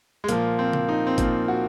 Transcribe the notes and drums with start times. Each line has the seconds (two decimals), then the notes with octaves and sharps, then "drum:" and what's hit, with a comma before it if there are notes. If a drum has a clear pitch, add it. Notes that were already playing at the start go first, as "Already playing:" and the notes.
0.24 G#3
0.29 A#2 F3 A#3, drum: hi-hat
0.59 C4
0.73 drum: tom C#3
0.89 D#4
1.07 C4
1.18 A#2 F3 A#3, drum: kick, hi-hat
1.48 F#4